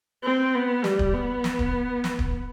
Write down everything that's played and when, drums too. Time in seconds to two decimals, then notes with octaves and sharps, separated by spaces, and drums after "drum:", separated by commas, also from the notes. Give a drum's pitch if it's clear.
0.24 C4
0.55 B3
0.84 G3, drum: snare
0.99 drum: kick D1
1.13 B3
1.44 drum: snare
1.59 drum: kick D1
2.04 drum: snare
2.19 drum: kick D1